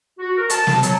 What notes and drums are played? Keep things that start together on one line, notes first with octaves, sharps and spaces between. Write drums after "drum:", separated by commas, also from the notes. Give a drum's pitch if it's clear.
F#4
A#4
A5, drum: hi-hat
drum: snare
F#3, drum: hi-hat